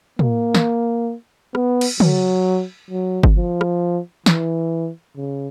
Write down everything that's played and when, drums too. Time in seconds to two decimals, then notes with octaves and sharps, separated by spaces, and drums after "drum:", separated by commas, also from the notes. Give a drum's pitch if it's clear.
0.19 A#3, drum: tom
0.55 drum: snare
1.55 B3, drum: rim click
1.81 drum: cymbal
2.00 F#3, drum: tom
2.90 F#3
3.23 drum: kick G1
3.36 F3
3.61 drum: rim click
4.26 E3, drum: snare
5.17 C#3